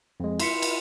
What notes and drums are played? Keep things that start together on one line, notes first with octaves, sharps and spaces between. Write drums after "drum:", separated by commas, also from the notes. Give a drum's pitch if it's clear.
F2 G#3
E4 C6 B6 C#7, drum: cymbal
drum: cymbal